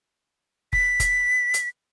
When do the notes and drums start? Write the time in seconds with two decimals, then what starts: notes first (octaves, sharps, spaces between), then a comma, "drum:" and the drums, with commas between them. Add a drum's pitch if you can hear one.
0.73 B6, drum: kick F1
1.00 drum: kick F1, hi-hat
1.54 drum: hi-hat